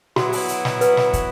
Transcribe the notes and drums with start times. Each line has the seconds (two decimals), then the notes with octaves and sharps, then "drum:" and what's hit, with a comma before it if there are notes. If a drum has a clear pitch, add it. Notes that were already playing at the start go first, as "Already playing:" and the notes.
0.16 F#3 B3 E4 F#4, drum: snare
0.33 drum: open hi-hat
0.49 drum: hi-hat
0.65 drum: snare
0.81 B4, drum: hi-hat
0.97 drum: snare
1.13 drum: kick, hi-hat